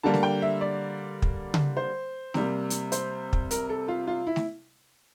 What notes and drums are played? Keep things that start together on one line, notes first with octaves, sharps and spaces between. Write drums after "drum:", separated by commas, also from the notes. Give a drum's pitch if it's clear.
D3 G3 A#3 A5
drum: snare A3
G5
E5
D5
drum: kick
drum: tom C#3
C5
C3 G3 A#3, drum: snare A3
drum: hi-hat
C5, drum: hi-hat
drum: kick
A#4, drum: hi-hat
A4
F4
F4
E4
drum: snare A3